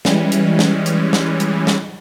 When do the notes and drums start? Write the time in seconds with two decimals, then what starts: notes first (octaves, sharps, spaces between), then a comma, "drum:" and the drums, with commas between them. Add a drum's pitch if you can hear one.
0.05 E3 G3 G#3 C#4, drum: snare
0.32 drum: hi-hat
0.59 drum: snare
0.86 drum: hi-hat
1.13 drum: snare
1.40 drum: hi-hat
1.67 drum: snare